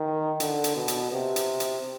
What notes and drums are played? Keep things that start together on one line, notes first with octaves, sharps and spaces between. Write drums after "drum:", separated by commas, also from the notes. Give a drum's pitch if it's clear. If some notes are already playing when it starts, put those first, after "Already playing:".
Already playing: D#3
D3, drum: hi-hat
drum: hi-hat
B2
drum: hi-hat
C3
drum: hi-hat
drum: hi-hat